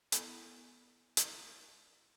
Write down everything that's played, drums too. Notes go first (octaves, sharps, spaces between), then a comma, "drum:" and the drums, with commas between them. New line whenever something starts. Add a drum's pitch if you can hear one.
B3 E4 A4 G#5 A5 B5, drum: hi-hat
drum: hi-hat